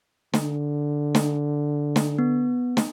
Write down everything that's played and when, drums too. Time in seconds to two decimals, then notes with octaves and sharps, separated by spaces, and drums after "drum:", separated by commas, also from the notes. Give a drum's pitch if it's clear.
0.33 D3, drum: snare
1.15 drum: snare
1.96 drum: snare
2.19 B3
2.77 drum: snare